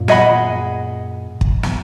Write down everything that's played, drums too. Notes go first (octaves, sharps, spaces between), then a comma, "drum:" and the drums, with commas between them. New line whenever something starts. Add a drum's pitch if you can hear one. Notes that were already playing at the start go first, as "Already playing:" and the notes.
Already playing: F#2 A#2
G#4 D#5 F#5 B5, drum: snare
drum: kick
drum: snare